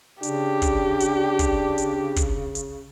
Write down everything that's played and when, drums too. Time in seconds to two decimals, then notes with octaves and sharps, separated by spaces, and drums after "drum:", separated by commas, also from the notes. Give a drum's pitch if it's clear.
0.23 C#3 D4 G4, drum: hi-hat
0.62 drum: kick, hi-hat
1.00 drum: hi-hat
1.39 drum: kick, hi-hat
1.78 drum: hi-hat
2.16 drum: kick, hi-hat
2.55 drum: hi-hat